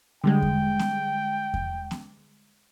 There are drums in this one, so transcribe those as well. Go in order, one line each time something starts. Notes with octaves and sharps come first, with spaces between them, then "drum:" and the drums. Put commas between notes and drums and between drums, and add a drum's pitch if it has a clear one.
D3 G3 G#3 G5
drum: kick E2
drum: snare B3
drum: kick E2
drum: snare B3